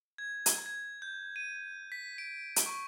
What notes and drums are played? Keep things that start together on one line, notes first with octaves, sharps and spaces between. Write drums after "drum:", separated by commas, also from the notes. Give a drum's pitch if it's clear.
G#6
drum: hi-hat
G#6
G6
D#7
B6
D7
drum: hi-hat
C#6